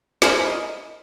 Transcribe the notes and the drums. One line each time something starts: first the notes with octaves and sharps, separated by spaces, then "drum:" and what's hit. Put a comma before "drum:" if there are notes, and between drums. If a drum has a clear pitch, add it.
E4 A#4 C5 B5, drum: snare
D#5